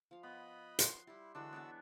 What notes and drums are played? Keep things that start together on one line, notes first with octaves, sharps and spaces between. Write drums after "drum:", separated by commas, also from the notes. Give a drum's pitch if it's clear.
F3 F5
B3 D#5 B5
C6, drum: hi-hat
G3 E4 G4
D3 E3 G#3 D4 F#4 E6
B3 C#5 D5 E5